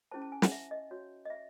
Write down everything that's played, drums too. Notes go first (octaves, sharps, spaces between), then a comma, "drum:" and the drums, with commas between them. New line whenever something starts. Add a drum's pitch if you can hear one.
C#4 E4 G#4 C5 A5
A5
G#5
F#5, drum: snare
E5
D#5
F#4 C#5
D#5
E5